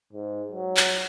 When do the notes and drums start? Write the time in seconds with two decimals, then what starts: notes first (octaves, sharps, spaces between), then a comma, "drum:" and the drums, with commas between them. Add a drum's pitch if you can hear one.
0.13 G#2
0.52 F#3
0.77 drum: clap